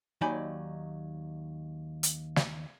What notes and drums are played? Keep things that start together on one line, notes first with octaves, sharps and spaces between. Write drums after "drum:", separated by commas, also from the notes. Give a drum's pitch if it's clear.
D#2 F#3 D#4 D5 G#5 B5
drum: hi-hat
drum: snare